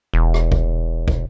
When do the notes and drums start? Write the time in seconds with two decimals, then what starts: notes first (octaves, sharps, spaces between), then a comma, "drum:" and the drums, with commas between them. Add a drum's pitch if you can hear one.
0.14 E1
0.34 drum: rim click
0.52 drum: kick
1.08 drum: kick